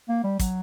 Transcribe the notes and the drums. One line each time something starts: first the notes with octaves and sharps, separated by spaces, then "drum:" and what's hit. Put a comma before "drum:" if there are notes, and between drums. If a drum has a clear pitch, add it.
A#3
G3
F#3, drum: kick, hi-hat